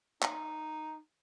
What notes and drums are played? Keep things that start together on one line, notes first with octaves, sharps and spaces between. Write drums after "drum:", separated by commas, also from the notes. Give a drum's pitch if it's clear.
D#4, drum: clap